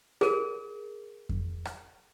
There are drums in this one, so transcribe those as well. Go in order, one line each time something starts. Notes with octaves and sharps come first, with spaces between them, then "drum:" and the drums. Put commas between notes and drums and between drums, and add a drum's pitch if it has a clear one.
G#4 A#4, drum: rim click
drum: kick F2
drum: rim click